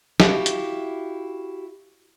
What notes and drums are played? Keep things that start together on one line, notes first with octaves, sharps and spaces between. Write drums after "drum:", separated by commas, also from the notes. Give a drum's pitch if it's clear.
E4 F#4 G4 F5, drum: snare
drum: hi-hat